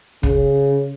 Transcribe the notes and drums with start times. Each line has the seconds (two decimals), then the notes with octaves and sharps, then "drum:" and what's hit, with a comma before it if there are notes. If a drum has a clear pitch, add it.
0.23 C#3, drum: kick